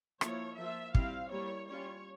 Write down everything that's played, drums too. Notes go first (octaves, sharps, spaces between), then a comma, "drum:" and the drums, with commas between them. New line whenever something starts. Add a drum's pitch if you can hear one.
F3 A#3 E4 C#5, drum: rim click
F3 A#3 F4 E5
G3 C4 E4 F5, drum: kick
G3 A#3 E4 C#5
G3 C#4 F4 C#5